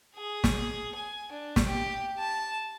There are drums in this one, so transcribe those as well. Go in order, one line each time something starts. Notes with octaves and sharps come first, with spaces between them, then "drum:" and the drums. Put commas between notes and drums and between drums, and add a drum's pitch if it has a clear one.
G#4
drum: snare
G#5
D4
drum: snare
G4
A5